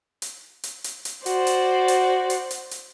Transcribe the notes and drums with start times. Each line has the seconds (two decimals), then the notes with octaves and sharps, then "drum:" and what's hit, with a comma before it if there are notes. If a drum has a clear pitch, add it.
0.22 drum: hi-hat
0.64 drum: hi-hat
0.84 drum: hi-hat
1.05 drum: hi-hat
1.26 F#4 C5 D5, drum: hi-hat
1.47 drum: hi-hat
1.88 drum: hi-hat
2.30 drum: hi-hat
2.51 drum: hi-hat
2.71 drum: hi-hat